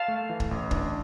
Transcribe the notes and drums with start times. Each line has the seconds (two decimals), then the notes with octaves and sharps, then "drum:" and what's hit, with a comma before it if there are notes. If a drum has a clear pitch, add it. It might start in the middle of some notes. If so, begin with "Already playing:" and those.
Already playing: F5 A5
0.08 A3
0.30 E3
0.40 drum: kick
0.51 A1
0.71 D4, drum: kick